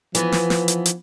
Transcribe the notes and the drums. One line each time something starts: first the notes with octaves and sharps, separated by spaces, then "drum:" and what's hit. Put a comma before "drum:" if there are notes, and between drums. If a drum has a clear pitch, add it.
E3 F3 B3, drum: hi-hat
drum: snare
drum: snare
drum: hi-hat
drum: hi-hat